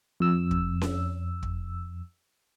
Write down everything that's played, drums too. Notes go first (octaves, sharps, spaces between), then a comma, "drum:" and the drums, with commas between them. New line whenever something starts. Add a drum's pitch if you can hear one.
F2 E6
drum: kick
drum: snare C#4
drum: kick